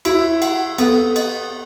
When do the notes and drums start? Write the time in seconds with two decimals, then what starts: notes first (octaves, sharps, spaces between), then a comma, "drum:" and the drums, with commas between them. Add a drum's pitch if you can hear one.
0.05 E4 F#4, drum: cymbal
0.42 F#5, drum: cymbal
0.78 B3 A4, drum: cymbal
1.16 D#5, drum: cymbal